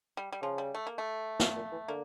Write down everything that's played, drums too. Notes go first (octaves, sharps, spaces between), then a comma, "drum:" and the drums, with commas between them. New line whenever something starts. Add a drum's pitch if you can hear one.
G3
G3
C#3 F3
G3
A3
A#3
A3
A#2, drum: snare
A#2
E3
D3 A#3